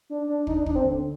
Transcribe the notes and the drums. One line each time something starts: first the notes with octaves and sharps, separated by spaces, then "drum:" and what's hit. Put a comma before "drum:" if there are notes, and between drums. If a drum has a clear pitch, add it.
D4
D4
D#4, drum: kick
D4
D#4, drum: kick
D4
C4
D3